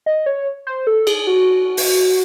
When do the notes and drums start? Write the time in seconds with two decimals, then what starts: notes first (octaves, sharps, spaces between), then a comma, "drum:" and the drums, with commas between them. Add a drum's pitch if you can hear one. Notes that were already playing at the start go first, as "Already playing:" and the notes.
0.06 D#5
0.26 C#5
0.67 C5
0.87 A4
1.07 G#4, drum: cymbal
1.27 F#4
1.77 drum: open hi-hat